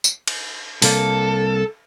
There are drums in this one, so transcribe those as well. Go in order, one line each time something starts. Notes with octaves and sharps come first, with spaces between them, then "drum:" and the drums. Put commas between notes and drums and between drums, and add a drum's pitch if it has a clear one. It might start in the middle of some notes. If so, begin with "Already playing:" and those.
drum: tambourine
drum: cymbal
C2 A#3 A4, drum: open hi-hat